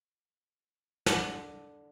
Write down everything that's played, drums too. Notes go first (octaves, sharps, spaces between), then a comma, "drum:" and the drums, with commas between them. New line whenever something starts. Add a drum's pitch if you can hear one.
D3, drum: snare